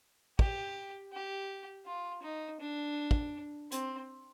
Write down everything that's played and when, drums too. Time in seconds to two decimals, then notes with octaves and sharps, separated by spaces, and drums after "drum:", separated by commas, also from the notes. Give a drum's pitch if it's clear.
0.39 G4, drum: kick
1.13 G4
1.86 F4
2.23 D#4
2.60 D4
3.11 drum: kick
3.72 C4, drum: hi-hat